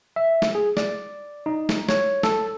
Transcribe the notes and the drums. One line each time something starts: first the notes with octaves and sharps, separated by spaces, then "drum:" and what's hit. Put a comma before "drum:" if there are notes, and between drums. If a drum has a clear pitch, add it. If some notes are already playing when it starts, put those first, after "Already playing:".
E5
drum: snare
G#4
D5, drum: snare
D#4
drum: snare
C#5, drum: snare
A4, drum: snare